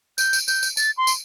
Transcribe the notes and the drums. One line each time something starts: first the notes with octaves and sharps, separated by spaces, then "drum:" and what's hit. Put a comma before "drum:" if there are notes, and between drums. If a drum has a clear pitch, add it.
G6, drum: tambourine
drum: tambourine
G6, drum: tambourine
drum: tambourine
A6, drum: tambourine
C6
drum: tambourine